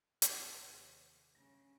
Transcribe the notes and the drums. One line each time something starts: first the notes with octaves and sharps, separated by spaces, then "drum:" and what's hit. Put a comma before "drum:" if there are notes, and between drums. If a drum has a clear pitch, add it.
D#2 C3 G4 B4 D6, drum: hi-hat
G2 C#3 A#6